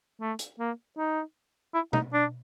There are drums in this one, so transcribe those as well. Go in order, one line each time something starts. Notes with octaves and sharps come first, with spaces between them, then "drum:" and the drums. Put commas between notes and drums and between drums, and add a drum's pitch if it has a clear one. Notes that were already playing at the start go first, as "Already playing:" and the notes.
A3
drum: hi-hat
A#3
D#4
E4
D#4, drum: tom B2
D4